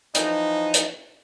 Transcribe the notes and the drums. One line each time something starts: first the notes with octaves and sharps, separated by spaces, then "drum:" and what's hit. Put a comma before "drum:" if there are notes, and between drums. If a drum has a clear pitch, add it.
E3 F3 D#4, drum: hi-hat
drum: hi-hat